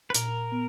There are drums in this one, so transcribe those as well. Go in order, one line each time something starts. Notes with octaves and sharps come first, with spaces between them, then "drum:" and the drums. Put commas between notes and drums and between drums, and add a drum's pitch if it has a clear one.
B4
A#2 A#4, drum: hi-hat
B3